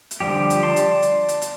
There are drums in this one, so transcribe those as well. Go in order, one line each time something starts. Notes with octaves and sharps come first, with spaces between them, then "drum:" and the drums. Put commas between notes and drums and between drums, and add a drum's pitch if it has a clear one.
drum: hi-hat
D3 F3 G3 G4
drum: hi-hat
D5 A5 C6
drum: hi-hat
drum: hi-hat
drum: hi-hat
drum: hi-hat